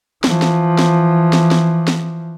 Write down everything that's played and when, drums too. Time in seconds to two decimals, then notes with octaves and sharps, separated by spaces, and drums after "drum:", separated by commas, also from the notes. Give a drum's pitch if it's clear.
0.24 E3 F3, drum: snare
0.42 drum: snare
0.78 drum: snare
1.33 drum: snare
1.51 drum: snare
1.88 drum: snare